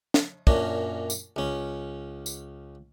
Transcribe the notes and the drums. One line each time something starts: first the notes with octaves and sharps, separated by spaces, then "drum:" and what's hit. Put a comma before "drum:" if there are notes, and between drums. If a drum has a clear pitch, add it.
drum: snare
F#2 A#2 C#4 D4, drum: kick
drum: tambourine
C#2 C#4
drum: tambourine